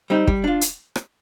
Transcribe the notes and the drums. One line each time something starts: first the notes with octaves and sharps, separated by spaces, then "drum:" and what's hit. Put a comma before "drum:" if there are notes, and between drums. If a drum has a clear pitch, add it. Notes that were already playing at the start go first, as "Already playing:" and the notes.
G3 C4 D#4
G3, drum: kick
D4 F4
drum: hi-hat
drum: rim click